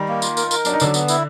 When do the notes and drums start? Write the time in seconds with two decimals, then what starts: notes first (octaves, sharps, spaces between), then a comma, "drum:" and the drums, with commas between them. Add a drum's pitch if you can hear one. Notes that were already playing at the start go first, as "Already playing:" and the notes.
Already playing: D#3 G3 D#4
0.08 A#3
0.22 F4, drum: tambourine
0.37 A#4, drum: tambourine
0.51 A#4, drum: tambourine
0.65 F#3 D4, drum: tambourine
0.73 D#4
0.80 D3 F#3 D4, drum: tambourine
0.94 B3, drum: tambourine
1.08 E4, drum: tambourine